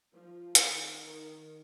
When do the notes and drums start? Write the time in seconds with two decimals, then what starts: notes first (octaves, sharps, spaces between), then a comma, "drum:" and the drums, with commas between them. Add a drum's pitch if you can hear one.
0.13 F3
0.55 D#3, drum: hi-hat
0.97 D#3